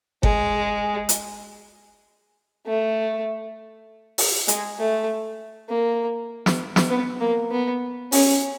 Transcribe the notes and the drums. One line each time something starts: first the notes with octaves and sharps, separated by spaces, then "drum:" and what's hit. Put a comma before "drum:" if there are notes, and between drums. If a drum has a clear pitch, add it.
G#3, drum: kick G1
drum: hi-hat
A3
drum: open hi-hat
G#3, drum: hi-hat
A3
A#3
drum: snare
drum: snare
B3
A#3
B3
C#4, drum: open hi-hat